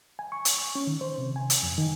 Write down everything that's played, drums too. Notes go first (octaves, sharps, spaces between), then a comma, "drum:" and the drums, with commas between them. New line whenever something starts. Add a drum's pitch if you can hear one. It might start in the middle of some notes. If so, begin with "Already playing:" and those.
G#5
C#6
drum: hi-hat
C#6
C#4
D#3
C5
C3
G#5
drum: hi-hat
F2
D#3